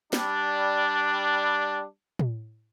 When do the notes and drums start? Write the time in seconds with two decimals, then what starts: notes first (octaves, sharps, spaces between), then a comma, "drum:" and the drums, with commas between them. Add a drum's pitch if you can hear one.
0.13 G3 D4, drum: snare
2.19 drum: tom